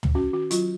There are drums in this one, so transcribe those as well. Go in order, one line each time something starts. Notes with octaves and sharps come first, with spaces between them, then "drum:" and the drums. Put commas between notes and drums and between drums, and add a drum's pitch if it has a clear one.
drum: tom
C#4 F#4
D#3 F#4
F#3 F4, drum: hi-hat